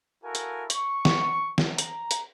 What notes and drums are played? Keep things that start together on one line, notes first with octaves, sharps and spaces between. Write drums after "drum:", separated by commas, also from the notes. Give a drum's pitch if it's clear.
E4 F#4 A4 A#4 F5 G#5
drum: hi-hat
C#6, drum: hi-hat
drum: snare
drum: snare
A#5, drum: hi-hat
drum: hi-hat